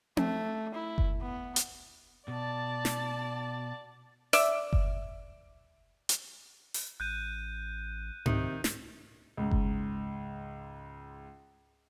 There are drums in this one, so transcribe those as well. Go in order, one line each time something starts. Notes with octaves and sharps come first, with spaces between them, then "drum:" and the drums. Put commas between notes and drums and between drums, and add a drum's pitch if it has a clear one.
A3, drum: tom C4
E4
drum: kick F#1
B3
drum: hi-hat
B2 D5 A5
drum: snare
D5 E5, drum: open hi-hat
drum: kick F#1
drum: hi-hat
drum: open hi-hat
A1 F#6 G6 D#7
C3 D#3, drum: tom G#2
drum: snare
C#2 G#2
drum: kick F#1